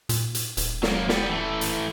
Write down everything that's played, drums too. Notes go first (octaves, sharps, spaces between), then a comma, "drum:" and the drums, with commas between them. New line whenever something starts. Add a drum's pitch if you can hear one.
A#2, drum: hi-hat
drum: hi-hat
D#1, drum: hi-hat
F#3 A#3, drum: snare
G3 B3, drum: snare
E3 A3
drum: hi-hat